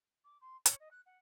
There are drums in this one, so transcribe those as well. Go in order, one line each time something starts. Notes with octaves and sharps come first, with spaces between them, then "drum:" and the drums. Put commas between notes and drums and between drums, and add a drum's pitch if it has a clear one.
D6
C6
C#5, drum: hi-hat
D#5
F#6
F#5